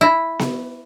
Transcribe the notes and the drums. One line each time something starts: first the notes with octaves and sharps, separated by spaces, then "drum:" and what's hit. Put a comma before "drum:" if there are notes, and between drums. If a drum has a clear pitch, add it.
E4
drum: snare B3